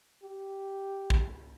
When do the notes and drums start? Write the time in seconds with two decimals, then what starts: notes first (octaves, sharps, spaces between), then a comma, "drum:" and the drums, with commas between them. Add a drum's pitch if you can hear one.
0.23 G4
1.10 drum: kick